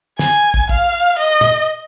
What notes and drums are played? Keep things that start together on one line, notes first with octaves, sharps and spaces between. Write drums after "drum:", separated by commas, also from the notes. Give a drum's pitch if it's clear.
G#5, drum: snare
drum: kick
F5, drum: kick
D#5
drum: tom